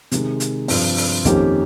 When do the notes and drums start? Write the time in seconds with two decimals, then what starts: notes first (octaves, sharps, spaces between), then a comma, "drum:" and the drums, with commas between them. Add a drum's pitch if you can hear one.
0.12 C3 D#3 G#3, drum: hi-hat
0.40 drum: hi-hat
0.68 G2 F3 C4, drum: open hi-hat
0.96 drum: open hi-hat
1.25 F2 D#3 A#3 C#4 G4, drum: kick, hi-hat